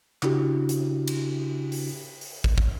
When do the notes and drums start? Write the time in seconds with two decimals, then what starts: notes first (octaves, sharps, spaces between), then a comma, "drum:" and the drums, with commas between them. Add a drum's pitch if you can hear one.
0.23 C#3 D4 E4 F#4 G4, drum: clap
0.69 drum: hi-hat
1.08 drum: cymbal
1.72 drum: open hi-hat
2.21 drum: open hi-hat
2.44 drum: kick
2.58 drum: kick